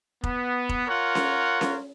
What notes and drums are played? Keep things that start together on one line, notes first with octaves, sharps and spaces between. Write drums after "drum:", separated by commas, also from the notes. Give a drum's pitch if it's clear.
B3, drum: kick F1
drum: kick F1
F4 A#4 C#5 F#5
drum: snare C#4
drum: snare C#4